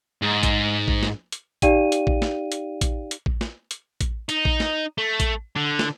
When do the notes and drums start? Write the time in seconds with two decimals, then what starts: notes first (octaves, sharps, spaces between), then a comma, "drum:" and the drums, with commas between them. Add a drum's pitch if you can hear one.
0.22 G#2
0.43 drum: kick A1, hi-hat
0.88 drum: kick A1
1.03 drum: snare
1.32 drum: hi-hat
1.62 D#4 G4 D5 F5 G5 D#7, drum: kick A1, hi-hat
1.92 drum: hi-hat
2.07 drum: kick A1
2.22 drum: snare
2.52 drum: hi-hat
2.81 drum: kick A1, hi-hat
3.11 drum: hi-hat
3.26 drum: kick A1
3.41 drum: snare
3.71 drum: hi-hat
4.01 drum: kick A1, hi-hat
4.29 D#4, drum: hi-hat
4.45 drum: kick A1
4.60 drum: snare
4.98 A3
5.20 drum: kick A1, hi-hat
5.56 D3
5.79 drum: snare